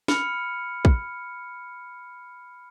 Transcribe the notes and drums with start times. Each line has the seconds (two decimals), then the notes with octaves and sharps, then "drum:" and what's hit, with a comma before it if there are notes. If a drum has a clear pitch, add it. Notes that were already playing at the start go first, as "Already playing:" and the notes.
0.08 B5 F6 C#7, drum: snare
0.85 drum: kick A#1